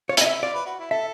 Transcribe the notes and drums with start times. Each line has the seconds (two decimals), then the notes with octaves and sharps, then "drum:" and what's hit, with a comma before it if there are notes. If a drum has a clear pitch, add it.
0.09 F4 C#5
0.17 E4 D#5, drum: hi-hat
0.26 E5
0.42 F4 D5
0.54 B4
0.66 F#4
0.79 E4
0.91 A4 E5